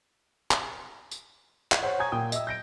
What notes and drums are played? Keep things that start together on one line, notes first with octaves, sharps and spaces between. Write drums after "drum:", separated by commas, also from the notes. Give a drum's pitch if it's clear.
drum: clap
drum: tambourine
drum: clap
C5 C#5 F#5
G#5 A#5 C#6 D#6 G#6
A#2 G5 D#6
D#5 E5 E6, drum: tambourine
G6 A#6 D7